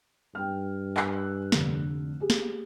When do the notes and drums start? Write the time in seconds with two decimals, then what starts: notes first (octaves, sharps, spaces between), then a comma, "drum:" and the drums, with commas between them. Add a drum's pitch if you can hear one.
0.35 G2 G5 F6
0.97 G#5 E6 F#6, drum: clap
1.52 F1 D3, drum: snare
2.20 G4 G#4
2.30 drum: snare